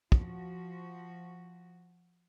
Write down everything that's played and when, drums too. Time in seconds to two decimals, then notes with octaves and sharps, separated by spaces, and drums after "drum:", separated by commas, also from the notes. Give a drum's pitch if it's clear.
0.12 F3 F#4, drum: kick